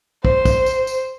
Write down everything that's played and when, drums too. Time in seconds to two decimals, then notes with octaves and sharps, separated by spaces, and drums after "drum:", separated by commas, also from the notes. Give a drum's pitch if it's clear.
0.25 C5, drum: kick
0.45 drum: kick, tambourine
0.66 drum: tambourine
0.87 drum: tambourine